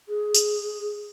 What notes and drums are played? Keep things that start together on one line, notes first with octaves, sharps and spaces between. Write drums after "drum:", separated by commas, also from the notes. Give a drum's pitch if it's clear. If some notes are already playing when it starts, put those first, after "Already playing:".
G#4
drum: tambourine